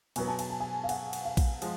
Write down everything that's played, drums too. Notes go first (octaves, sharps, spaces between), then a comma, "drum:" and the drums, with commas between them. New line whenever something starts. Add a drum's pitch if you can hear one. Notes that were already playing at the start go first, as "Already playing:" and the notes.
B2 F#3 B3 G#5, drum: cymbal
A5
G#5, drum: cymbal
A5
G#5
F5
F#5, drum: cymbal
drum: cymbal
F5
drum: kick A#1, cymbal
F3 G#3, drum: cymbal